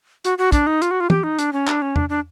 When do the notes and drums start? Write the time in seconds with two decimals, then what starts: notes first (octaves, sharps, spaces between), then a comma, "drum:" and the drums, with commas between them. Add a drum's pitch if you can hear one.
0.25 F#4, drum: hi-hat
0.38 F#4
0.52 D4, drum: kick, hi-hat
0.67 D#4
0.82 F4, drum: hi-hat
0.91 F#4
1.00 F4
1.10 G4, drum: tom
1.24 D#4
1.39 D4, drum: hi-hat
1.53 C#4
1.68 D4, drum: clap
1.82 C#4
1.96 D4, drum: tom E2
2.09 D4